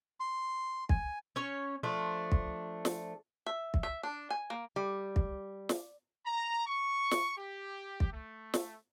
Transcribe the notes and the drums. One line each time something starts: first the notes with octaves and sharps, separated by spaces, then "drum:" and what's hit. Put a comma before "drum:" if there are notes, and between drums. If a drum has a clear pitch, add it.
C6
G#5, drum: kick
C#4 C#5
F3 A3 D4
drum: kick
drum: snare
E5
drum: kick
E5
D4
G#5
A#3
G3
drum: kick
drum: snare
A#5
C#6
drum: snare
G4
drum: kick
A3
drum: snare